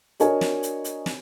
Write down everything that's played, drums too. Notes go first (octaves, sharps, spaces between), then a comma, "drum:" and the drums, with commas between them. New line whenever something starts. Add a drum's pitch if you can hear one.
D4 F#4 A#4 C#5 D#5 G#5, drum: hi-hat
drum: snare
drum: hi-hat
drum: hi-hat
drum: snare